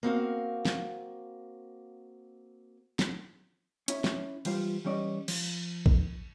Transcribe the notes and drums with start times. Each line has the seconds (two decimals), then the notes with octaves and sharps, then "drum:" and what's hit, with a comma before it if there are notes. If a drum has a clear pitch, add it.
0.03 A#3 C4 F#4 F5
0.65 drum: snare
2.99 drum: snare
3.88 C#4 E4, drum: hi-hat
4.04 drum: snare
4.45 E3 G3 F4 C5, drum: cymbal
4.85 E3 G3 C#4 D5 D#5
5.28 F3, drum: cymbal
5.86 drum: kick A#1